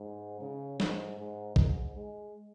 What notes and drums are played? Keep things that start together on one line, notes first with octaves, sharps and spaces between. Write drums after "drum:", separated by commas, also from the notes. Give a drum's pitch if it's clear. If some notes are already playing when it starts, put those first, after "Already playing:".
Already playing: G#2
C#3
G#2, drum: snare
G#2
G#2, drum: kick
G#3